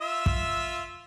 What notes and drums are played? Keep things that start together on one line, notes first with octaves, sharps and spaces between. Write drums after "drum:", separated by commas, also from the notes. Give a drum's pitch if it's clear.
F4 E5 E6
drum: kick